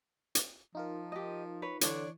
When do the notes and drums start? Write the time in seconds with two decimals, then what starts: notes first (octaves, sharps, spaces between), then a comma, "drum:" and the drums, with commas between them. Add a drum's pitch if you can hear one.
0.35 drum: hi-hat
0.75 F3 D#4 F4 A#4
1.12 G4 D#5
1.62 B4 C#5
1.81 D3 E3 D4 C#5 D5, drum: hi-hat